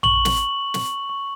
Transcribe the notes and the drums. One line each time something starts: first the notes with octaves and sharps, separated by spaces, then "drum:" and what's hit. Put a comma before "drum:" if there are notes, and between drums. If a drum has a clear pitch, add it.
C#6 F#7, drum: tom A#1
drum: snare
C#6
C#6, drum: snare
C#6